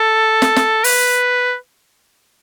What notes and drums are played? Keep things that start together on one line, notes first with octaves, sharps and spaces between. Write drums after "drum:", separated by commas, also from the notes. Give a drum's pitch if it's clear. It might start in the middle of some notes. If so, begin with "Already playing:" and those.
Already playing: A4
drum: snare
drum: snare
B4, drum: open hi-hat